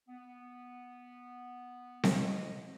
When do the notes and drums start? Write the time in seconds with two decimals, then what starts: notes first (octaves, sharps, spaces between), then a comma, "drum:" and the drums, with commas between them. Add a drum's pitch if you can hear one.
0.09 B3
2.03 drum: snare C4
2.15 D#5